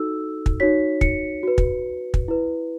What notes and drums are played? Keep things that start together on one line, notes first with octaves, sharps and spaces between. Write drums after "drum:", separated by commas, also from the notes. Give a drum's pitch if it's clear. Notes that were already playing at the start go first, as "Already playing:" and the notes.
Already playing: D#4 F#4 A4 E6
drum: kick
D#4 F#4 C#5 B6
C#7, drum: kick
F#4 B4
drum: kick
drum: kick
E4 B4